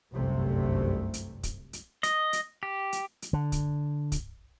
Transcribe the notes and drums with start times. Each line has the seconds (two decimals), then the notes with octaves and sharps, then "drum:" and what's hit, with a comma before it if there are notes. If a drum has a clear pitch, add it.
0.14 G1 C2 F#2 C3 A3
1.14 drum: hi-hat
1.43 drum: kick, hi-hat
1.73 drum: hi-hat
2.03 D#5, drum: hi-hat
2.33 drum: hi-hat
2.63 G4
2.92 drum: hi-hat
3.22 drum: hi-hat
3.33 D3
3.52 drum: kick, hi-hat
4.12 drum: kick, hi-hat